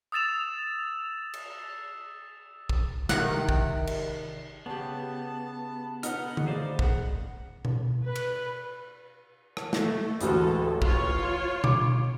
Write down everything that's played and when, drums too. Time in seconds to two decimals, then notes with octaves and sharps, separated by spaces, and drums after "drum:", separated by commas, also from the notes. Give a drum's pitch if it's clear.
0.12 D#6 E6 A6 E7 F7
1.33 drum: cymbal
2.69 drum: kick
3.09 C3 D#3 F#5, drum: snare
3.49 drum: kick
3.87 drum: cymbal
4.66 C#3 B3 G4 A5
6.03 B3 D#4 F#5 F6, drum: hi-hat
6.37 drum: tom D3
6.47 G#4 C5 D5 F5
6.79 F#5, drum: kick
7.65 drum: tom B2
8.05 B4
8.16 drum: cymbal
9.57 drum: rim click
9.73 A3, drum: snare
10.21 A1 D2 G#3 A4, drum: hi-hat
10.82 F4 C#5, drum: kick
11.64 D6, drum: tom B2